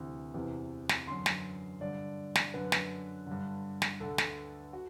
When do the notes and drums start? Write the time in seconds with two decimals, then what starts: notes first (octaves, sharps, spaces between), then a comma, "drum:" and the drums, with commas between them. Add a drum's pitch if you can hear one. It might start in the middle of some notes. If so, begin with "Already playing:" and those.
Already playing: D2 C3 E3
0.34 E2 C3 E3
0.89 drum: snare
1.07 F#2 D3 C6
1.26 drum: snare
1.80 G2 D3 D5
2.35 drum: snare
2.54 F#2 D3 B4
2.72 drum: snare
3.27 G2 D3
3.82 drum: snare
4.00 D2 D3 A4
4.18 drum: snare
4.73 F#4